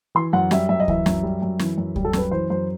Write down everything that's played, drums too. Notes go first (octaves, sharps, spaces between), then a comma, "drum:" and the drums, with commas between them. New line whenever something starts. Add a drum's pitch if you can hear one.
E3 C6
F#2 F#5
G3 E5, drum: snare
F#2 E5
D#5
E3 E5, drum: kick C#2
F#2, drum: snare
G3
F#2
E3, drum: snare
F#2
G3, drum: kick C#2
A4
F#2 B4, drum: snare
E3 C5
F#2 C5